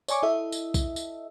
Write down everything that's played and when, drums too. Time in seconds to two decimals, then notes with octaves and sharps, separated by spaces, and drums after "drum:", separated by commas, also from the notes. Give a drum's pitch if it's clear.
0.08 C#5 D5 G#5 C#6 D6, drum: tambourine
0.23 E4 A4 D#5 E5
0.52 drum: tambourine
0.74 drum: kick B1, tambourine
0.96 drum: tambourine